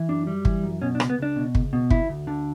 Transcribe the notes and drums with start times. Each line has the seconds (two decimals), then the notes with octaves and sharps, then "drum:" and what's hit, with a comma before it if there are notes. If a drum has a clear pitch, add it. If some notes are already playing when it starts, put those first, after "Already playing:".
Already playing: E3
0.09 F#2 D4
0.27 G3
0.45 E3, drum: kick
0.63 F#2
0.82 B2 C#4
0.95 D4
1.00 C#2, drum: rim click
1.10 B3
1.19 C#2 D4
1.36 B2
1.55 C#2, drum: kick
1.73 B2
1.90 D2 E4, drum: kick
2.09 D2
2.27 D3